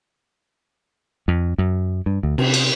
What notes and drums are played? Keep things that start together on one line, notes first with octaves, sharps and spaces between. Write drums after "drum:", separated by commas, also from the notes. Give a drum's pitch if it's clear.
F2
F#2
G2
D2
C3, drum: cymbal
drum: cymbal